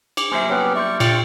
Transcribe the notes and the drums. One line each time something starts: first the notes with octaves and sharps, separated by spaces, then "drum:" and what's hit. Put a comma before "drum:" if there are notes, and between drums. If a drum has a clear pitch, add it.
D6, drum: cymbal
F#3 G3 A#3 C5 E5 G#5
B3 C#4 G4 C#5 F#6
D5 E5 C6 C#6 G6
A#2 F4 A4 C#5 G5, drum: cymbal